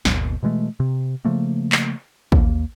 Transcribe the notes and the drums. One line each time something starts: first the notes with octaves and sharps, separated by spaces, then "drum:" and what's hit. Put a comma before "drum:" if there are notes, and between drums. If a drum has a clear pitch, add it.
G#1 D#2 B2, drum: snare
B2 E3 G#3 A3
C3
C#3 F3 A3 A#3
drum: clap
D#2 A#3, drum: kick A1